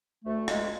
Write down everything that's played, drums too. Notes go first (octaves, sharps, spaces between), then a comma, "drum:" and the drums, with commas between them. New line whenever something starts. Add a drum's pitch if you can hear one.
D2 A3
G#3, drum: rim click